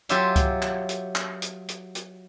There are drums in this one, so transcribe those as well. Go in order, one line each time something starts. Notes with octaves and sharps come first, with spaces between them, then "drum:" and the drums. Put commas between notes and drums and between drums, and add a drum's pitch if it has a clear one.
F#3 F4 G4 E5 G#5 C6, drum: hi-hat
drum: kick C#2, hi-hat
drum: clap
drum: hi-hat
drum: clap
drum: hi-hat
drum: hi-hat
drum: hi-hat